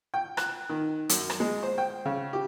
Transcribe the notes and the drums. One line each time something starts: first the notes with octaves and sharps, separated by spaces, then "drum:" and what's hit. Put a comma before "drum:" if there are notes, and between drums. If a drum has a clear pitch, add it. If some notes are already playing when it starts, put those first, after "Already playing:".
G5
F#6, drum: rim click
D#3
F#2, drum: hi-hat
drum: rim click
G#3
C5
G5
C#3
G4